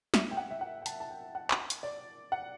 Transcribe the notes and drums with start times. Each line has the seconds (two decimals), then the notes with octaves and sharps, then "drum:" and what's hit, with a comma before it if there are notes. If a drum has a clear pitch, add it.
0.14 E5, drum: snare
0.31 G5
0.37 F#5
0.51 E5
0.61 F#5
0.82 G5
0.86 A5, drum: hi-hat
1.00 A5
1.11 G5
1.35 F#5
1.51 drum: clap
1.70 drum: hi-hat
1.83 D5
2.32 F#5